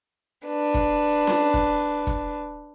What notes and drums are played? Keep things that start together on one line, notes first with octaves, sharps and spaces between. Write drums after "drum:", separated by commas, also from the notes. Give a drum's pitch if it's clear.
D4 B4
drum: kick
drum: snare C#4
drum: kick
drum: kick